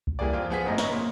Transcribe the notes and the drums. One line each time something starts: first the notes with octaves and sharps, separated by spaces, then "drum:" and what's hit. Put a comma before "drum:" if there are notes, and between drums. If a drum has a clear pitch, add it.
drum: kick C2
E3 G3 A#3 G#4 D5
F2 F4
F3 B3 G#4 F#5 B6
G1 F#2 A2 D#5 A#5
B4 C#5 D#5 A#5, drum: snare
A#2